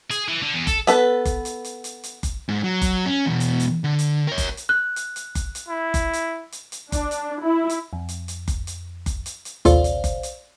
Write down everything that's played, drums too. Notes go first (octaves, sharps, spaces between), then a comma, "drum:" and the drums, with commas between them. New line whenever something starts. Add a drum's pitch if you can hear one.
G#4, drum: hi-hat
E3
D3
E2
A4, drum: kick F#1, hi-hat
B3 A4 B4, drum: hi-hat
drum: kick F#1, hi-hat
drum: hi-hat
drum: hi-hat
drum: hi-hat
drum: hi-hat
drum: kick F#1, hi-hat
G#2
F#3
drum: kick F#1, hi-hat
C#4
E2 B2
drum: hi-hat
drum: hi-hat
D3
drum: hi-hat
A#4 C#5
drum: kick F#1, hi-hat
drum: hi-hat
F#6
drum: hi-hat
drum: hi-hat
drum: kick F#1, hi-hat
drum: hi-hat
E4
drum: kick F#1, hi-hat
drum: hi-hat
drum: hi-hat
drum: hi-hat
D4, drum: kick F#1, hi-hat
drum: hi-hat
E4
drum: hi-hat
F2
drum: hi-hat
drum: hi-hat
drum: kick F#1, hi-hat
drum: hi-hat
drum: kick F#1, hi-hat
drum: hi-hat
drum: hi-hat
A#1 D#2 C3 F4 A4 C5 D5 F5, drum: hi-hat
drum: hi-hat
drum: kick F#1, hi-hat
drum: hi-hat